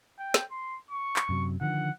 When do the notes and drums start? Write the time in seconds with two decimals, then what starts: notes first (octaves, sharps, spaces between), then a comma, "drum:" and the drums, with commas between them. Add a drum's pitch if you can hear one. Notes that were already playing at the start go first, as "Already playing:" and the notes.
0.19 G5
0.34 drum: snare
0.52 C6
0.91 C#6
1.16 drum: clap
1.29 F#2 C3 F#3
1.61 D3 D#3 F3 F#5